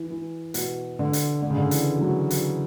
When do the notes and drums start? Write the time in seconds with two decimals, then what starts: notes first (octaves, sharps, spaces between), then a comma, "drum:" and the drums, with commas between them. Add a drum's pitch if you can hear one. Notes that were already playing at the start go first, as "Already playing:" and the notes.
Already playing: E3
0.10 E3
0.54 B2, drum: hi-hat
0.99 D3
1.13 drum: hi-hat
1.42 D3
1.50 C#3
1.58 D3
1.71 E3, drum: hi-hat
1.96 E3
2.01 F#3
2.30 E3, drum: hi-hat